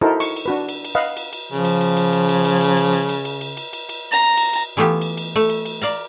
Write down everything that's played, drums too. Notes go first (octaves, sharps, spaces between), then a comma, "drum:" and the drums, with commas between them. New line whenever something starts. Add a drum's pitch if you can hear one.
D#4 E4 F#4 A4 A#4 C5
C#6, drum: cymbal
drum: cymbal
D4 F#4 B4
drum: cymbal
drum: cymbal
B4 D#5 F5 F#5
drum: cymbal
drum: cymbal
C#3 F3
drum: cymbal
drum: cymbal
drum: cymbal
drum: cymbal
drum: cymbal
drum: cymbal
drum: cymbal
drum: cymbal
drum: cymbal
drum: cymbal
drum: cymbal
drum: cymbal
drum: cymbal
drum: cymbal
drum: cymbal
A#5
drum: cymbal
drum: cymbal
E3 A3 B3 F4 G4
drum: cymbal
drum: cymbal
A3, drum: cymbal
drum: cymbal
drum: cymbal
D5 F5 A#5, drum: cymbal